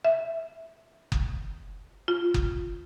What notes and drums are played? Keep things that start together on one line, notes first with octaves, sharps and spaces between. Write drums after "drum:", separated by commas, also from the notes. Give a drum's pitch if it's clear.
E5
drum: kick F#1
F4
drum: kick F#1